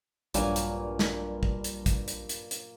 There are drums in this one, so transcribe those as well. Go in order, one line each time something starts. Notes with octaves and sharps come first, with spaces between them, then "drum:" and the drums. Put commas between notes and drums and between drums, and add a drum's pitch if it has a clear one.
A#1 G2 A#2 F#3 A#3 G#5, drum: hi-hat
drum: hi-hat
drum: snare
drum: kick
drum: hi-hat
drum: kick, hi-hat
drum: hi-hat
drum: hi-hat
drum: hi-hat